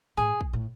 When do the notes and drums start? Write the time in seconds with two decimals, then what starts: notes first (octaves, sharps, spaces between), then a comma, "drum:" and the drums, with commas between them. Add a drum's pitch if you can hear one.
0.17 A2 G#4
0.41 drum: kick
0.53 A2